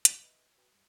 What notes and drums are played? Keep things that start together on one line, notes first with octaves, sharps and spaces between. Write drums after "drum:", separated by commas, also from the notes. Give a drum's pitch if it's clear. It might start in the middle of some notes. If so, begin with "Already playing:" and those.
C4 G#4 D5 F5 A5, drum: hi-hat
B4 D#5 E5
F#4 B4 G5
F#2 G3